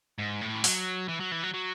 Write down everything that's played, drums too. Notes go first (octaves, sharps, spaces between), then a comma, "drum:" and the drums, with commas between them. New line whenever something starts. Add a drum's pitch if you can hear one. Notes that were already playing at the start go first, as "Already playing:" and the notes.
G#2
A2
E3
F#3, drum: open hi-hat
E3
F#3
E3
F#3
F#3